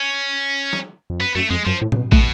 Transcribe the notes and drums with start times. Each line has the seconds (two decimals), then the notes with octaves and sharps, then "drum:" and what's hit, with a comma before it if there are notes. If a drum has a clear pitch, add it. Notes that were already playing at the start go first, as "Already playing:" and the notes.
Already playing: C#4
0.73 drum: snare
1.10 F2
1.20 F#2 B3
1.35 F#2 A3
1.50 F2 G#3
1.66 F#2 F3
1.82 A2
1.92 C#3, drum: tom A2
1.96 B2
2.12 B2 A3, drum: kick